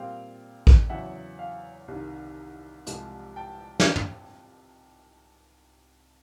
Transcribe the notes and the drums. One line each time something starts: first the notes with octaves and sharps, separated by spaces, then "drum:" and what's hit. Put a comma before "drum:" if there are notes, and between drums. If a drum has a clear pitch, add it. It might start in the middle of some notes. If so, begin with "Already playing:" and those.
Already playing: A#2 G3 C4 F5 G5
drum: kick A1
E2 C#3 F#3 E5 F#5
F5
C2 C3 D#3
C2 C3 F3 G#3, drum: hi-hat
G5 A5
drum: snare
drum: tom